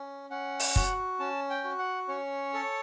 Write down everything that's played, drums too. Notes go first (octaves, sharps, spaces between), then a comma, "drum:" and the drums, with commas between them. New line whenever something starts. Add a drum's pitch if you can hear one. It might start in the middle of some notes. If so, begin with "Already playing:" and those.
Already playing: C#4
C#4 F#5
drum: open hi-hat
F#4, drum: kick
C#4 A5
G5
F#4
F#5
C#4 C#5
A4